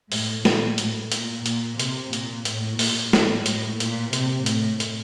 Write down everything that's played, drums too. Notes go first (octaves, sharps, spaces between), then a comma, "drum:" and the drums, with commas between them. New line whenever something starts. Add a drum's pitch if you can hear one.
A2, drum: open hi-hat
A#2, drum: snare
A2, drum: hi-hat
A#2, drum: hi-hat
A#2, drum: hi-hat
C3, drum: hi-hat
A#2, drum: hi-hat
A2, drum: hi-hat
A#2, drum: open hi-hat
A2, drum: snare
A2, drum: hi-hat
A#2, drum: hi-hat
C3, drum: hi-hat
A2, drum: hi-hat
drum: hi-hat